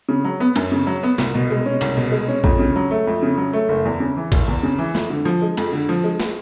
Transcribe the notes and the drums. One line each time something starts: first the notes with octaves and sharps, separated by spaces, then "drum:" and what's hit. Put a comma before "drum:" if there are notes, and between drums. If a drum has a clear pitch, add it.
C#3
F#3
B3
F#2, drum: cymbal
C#3
F#3
B3
C2, drum: snare
B2
G#3
C#4
C2, drum: cymbal
B2
G#3
C#4
F2, drum: kick A#1
C#3
F#3
A3
F2
C#3
F#3
A3
F#1
E2
C#3
E3
F#1, drum: kick A#1, cymbal
E2
C#3
E3
F2, drum: snare
D3
F3
G#3
F2, drum: cymbal
D3
F3
G#3
drum: snare